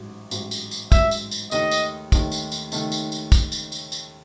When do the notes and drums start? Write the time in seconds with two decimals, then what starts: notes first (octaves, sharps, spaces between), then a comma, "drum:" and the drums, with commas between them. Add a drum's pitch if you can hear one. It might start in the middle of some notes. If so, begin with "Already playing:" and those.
Already playing: A1 G#2 F#3
0.31 A1 G#2 F#3, drum: tambourine
0.51 drum: tambourine
0.71 drum: tambourine
0.92 A1 G#2 F#3 E5, drum: kick, tambourine
1.11 drum: tambourine
1.31 drum: tambourine
1.51 D#2 D#3 A3 D#4 D#5, drum: tambourine
1.71 drum: tambourine
2.12 D#2 D#3 A3 D#4, drum: kick, tambourine
2.32 drum: tambourine
2.52 drum: tambourine
2.72 D#3 A3 D#4, drum: tambourine
2.92 drum: tambourine
3.12 drum: tambourine
3.32 drum: kick, tambourine
3.52 drum: tambourine
3.72 drum: tambourine
3.92 drum: tambourine